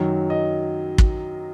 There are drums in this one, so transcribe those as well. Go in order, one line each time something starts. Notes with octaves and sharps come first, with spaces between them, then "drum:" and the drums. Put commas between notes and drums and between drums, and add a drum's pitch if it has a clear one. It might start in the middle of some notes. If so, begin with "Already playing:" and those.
Already playing: F#2 D#3 F#3
D#5
drum: kick